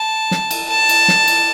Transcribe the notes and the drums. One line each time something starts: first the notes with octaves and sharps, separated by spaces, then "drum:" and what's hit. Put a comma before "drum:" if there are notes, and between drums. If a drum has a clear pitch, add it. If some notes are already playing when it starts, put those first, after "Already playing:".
Already playing: A5
drum: snare
drum: cymbal
A5
drum: cymbal
drum: snare
drum: cymbal